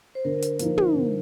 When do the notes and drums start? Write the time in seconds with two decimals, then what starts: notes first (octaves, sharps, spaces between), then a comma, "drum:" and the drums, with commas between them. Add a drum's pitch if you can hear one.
0.15 C5
0.25 D3 A#4
0.43 drum: hi-hat
0.60 F3 A#3 D#4, drum: hi-hat
0.78 drum: tom
0.95 D3